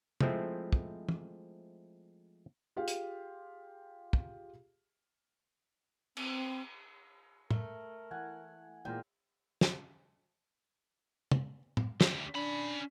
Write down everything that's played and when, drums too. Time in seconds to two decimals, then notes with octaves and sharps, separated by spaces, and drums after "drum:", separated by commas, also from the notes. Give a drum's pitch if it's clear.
0.21 F3 G#3 A3 C4 E4, drum: tom
0.73 drum: kick
1.09 drum: tom
2.76 F4 G4 G#4 F5
2.88 drum: hi-hat
4.13 drum: kick
6.17 C4, drum: cymbal
7.51 A3 A#4, drum: tom
8.11 E3 F#5 G#5
8.85 A#2 E3 G#3 F4 A#4 C5 G5
9.61 drum: snare
11.31 drum: tom
11.77 drum: tom
12.01 D2 G4, drum: snare
12.35 C#4 D4 B5